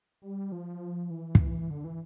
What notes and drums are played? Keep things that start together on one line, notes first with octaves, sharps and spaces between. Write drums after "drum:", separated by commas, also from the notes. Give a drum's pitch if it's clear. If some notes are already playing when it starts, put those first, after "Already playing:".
G3
F3
E3
drum: kick
D3
E3